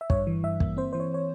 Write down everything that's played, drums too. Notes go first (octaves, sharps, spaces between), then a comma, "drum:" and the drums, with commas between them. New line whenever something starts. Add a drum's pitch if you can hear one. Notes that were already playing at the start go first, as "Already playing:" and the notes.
E5
G2 C#5, drum: kick
E3
G2 E5
A#3, drum: kick
C4 C5
E3 C5
C#5
C#5